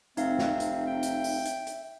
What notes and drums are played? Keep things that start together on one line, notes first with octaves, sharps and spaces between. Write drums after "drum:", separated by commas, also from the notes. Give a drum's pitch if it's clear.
F1 C4 D#4 E5 F5, drum: hi-hat
drum: snare
drum: hi-hat
G5
drum: hi-hat
drum: open hi-hat
drum: hi-hat
drum: hi-hat